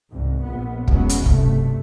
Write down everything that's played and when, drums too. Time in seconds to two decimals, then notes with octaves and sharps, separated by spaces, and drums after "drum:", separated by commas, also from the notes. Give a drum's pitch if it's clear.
0.10 C2 G#2
0.41 A#1 B3
0.88 E2 F#3 G#3 B3 C#4, drum: kick
1.09 drum: hi-hat
1.26 B1 G2 C3 A3, drum: kick